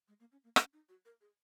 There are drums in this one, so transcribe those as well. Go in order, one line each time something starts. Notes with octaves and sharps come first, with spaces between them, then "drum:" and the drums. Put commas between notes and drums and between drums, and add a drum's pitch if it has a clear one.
G#3
A#3
C#4
A#3
C#4, drum: rim click
D#4
F#4
A#4
G#4